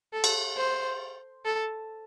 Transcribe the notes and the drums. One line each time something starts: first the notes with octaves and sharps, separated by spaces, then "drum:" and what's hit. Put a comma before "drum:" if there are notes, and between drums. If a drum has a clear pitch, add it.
A4
drum: cymbal
C5
A4